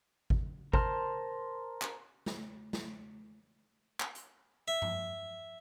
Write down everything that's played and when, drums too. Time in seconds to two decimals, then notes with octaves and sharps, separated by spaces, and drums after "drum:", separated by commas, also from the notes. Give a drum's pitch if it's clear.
0.30 drum: kick G#1
0.73 A#4 C5 A5 C6 F6, drum: kick G#1
1.82 drum: clap
2.26 drum: snare
2.73 drum: snare
4.00 drum: clap
4.15 drum: hi-hat
4.68 E5
4.82 drum: tom G2